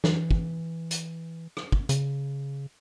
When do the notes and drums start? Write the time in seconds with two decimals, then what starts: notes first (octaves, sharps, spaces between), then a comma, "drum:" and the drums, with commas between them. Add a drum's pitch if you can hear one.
0.04 E3, drum: snare
0.31 drum: kick
0.91 drum: hi-hat
1.57 drum: rim click
1.72 drum: kick
1.89 C#3, drum: hi-hat